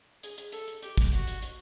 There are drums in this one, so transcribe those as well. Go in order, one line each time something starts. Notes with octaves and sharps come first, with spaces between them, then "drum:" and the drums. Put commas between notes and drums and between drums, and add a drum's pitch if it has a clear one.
G#4, drum: hi-hat
drum: hi-hat
A4, drum: hi-hat
drum: hi-hat
G4, drum: hi-hat
drum: kick, hi-hat
F#4, drum: hi-hat
drum: hi-hat
drum: hi-hat